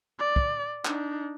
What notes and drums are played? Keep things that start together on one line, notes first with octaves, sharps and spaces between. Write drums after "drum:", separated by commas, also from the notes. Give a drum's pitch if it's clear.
D5
drum: kick
D4 D#4, drum: clap